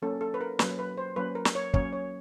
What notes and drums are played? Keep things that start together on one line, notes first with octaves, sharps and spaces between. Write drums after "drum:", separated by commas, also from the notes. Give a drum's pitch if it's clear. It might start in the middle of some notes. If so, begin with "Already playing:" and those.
F#3 A#3 C#4 A4
A4
B4
A#4
F#3 A#3 C#4 B4, drum: snare
B4
C5
F#3 A#3 C#4 B4
A#4
drum: snare
C#5
F#3 A#3 C#4 C#5, drum: kick
C#5